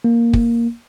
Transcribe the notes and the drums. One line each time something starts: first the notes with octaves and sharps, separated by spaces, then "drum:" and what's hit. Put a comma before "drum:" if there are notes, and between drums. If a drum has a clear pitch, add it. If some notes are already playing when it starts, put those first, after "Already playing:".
A#3
drum: kick